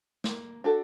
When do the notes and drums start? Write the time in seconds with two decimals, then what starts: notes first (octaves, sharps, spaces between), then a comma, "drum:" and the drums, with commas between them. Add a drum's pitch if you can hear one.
0.24 A#3, drum: snare
0.64 D4 F#4 A4